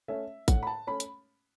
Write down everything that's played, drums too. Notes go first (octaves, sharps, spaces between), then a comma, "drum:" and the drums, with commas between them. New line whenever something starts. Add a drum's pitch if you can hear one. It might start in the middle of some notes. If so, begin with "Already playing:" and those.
A3 C#4 E5
A2 F#5, drum: kick A1, hi-hat
B5
A5
A3 C#4 B5
drum: hi-hat